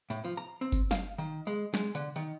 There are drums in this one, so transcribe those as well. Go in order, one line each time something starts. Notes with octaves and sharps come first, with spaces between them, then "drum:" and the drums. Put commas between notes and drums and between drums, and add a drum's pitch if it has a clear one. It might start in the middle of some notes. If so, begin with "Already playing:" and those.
A2
F3
A#5
C4
drum: kick G1, tambourine
F5, drum: snare
D#3
G#3
G#3, drum: snare
D3, drum: tambourine
D#3